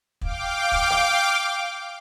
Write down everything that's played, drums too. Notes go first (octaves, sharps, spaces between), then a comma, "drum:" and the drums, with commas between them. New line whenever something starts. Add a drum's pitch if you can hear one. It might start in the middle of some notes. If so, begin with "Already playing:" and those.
F5 G5 D6, drum: kick
drum: kick
drum: rim click